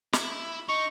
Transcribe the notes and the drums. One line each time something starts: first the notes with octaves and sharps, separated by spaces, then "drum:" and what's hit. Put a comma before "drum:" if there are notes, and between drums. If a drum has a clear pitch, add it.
E4, drum: snare
D#4 C#6